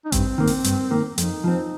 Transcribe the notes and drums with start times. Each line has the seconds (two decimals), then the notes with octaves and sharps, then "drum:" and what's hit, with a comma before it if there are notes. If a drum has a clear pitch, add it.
0.05 D#4
0.12 G2 C4, drum: kick A1, hi-hat
0.38 D#3 A#3
0.47 drum: open hi-hat
0.64 G2, drum: hi-hat
0.91 D#3 A#3
1.18 F2 D#4, drum: hi-hat
1.44 F3 C4